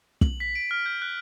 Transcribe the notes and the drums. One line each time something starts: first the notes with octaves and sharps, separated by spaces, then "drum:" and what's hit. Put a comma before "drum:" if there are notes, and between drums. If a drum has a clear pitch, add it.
F#7, drum: kick
B6
D7
F6
G6
F#6